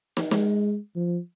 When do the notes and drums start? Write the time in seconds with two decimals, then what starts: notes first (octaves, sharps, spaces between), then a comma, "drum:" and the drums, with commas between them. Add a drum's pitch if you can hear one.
0.17 drum: snare
0.31 G#3, drum: snare
0.96 F3